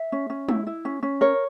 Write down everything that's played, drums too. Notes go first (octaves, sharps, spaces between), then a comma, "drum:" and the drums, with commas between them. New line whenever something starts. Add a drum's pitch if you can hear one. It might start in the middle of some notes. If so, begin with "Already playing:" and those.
Already playing: E5
C#4
C#4
E4, drum: tom G#3
E4
C#4
C#4
A#4 C#5